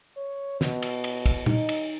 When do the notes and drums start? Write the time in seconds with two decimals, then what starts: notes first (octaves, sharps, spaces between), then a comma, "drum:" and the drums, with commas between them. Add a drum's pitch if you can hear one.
0.17 C#5
0.61 B2, drum: snare
0.82 drum: cymbal
1.04 drum: cymbal
1.26 drum: kick, cymbal
1.46 D#4, drum: tom
1.69 drum: cymbal